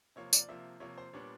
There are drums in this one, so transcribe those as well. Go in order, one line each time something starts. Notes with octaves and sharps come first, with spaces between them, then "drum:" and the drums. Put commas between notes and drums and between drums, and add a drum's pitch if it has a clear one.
C3 F3 A#3 C#5
D5, drum: tambourine
C3 F3 A#3 E5
C3 F3 A#3 C#5
C5
A#2 G3 B3 D4 C#5